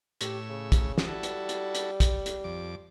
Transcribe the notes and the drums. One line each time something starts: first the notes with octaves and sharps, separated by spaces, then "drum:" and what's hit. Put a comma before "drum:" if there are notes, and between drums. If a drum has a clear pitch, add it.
A2 G4 C#5 E6, drum: hi-hat
C#3
drum: kick, hi-hat
drum: snare
G3 E4 F#4 A4
drum: hi-hat
drum: hi-hat
drum: hi-hat
drum: kick, hi-hat
drum: hi-hat
F2 D6